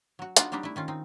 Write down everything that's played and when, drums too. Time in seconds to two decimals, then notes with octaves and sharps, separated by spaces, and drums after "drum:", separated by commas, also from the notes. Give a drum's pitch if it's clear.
0.19 F#3 F#4
0.37 B3 D4 D#4 F4 F#4 F5, drum: hi-hat
0.52 F#3 G3 C4 D4 D#4 G4
0.63 A3 E4
0.76 D#3 C#4 F4
0.88 C4 D#4